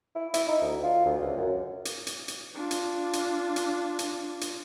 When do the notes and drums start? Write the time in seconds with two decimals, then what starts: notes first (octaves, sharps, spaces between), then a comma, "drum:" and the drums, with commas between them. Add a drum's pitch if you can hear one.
0.15 E4
0.34 E4, drum: hi-hat
0.48 D#4
0.61 D2
0.84 F4
1.06 D2
1.21 C#2
1.37 F#2
1.85 drum: hi-hat
2.07 drum: hi-hat
2.28 drum: hi-hat
2.54 D4 F4
2.71 drum: hi-hat
3.13 drum: hi-hat
3.56 drum: hi-hat
3.99 drum: hi-hat
4.41 drum: hi-hat